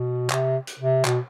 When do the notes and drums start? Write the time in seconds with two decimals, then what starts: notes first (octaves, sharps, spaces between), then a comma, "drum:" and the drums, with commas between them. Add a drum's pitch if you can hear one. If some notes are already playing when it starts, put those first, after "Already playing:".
Already playing: B2
0.30 C3, drum: clap
0.67 drum: hi-hat
0.79 C3
1.05 B2, drum: clap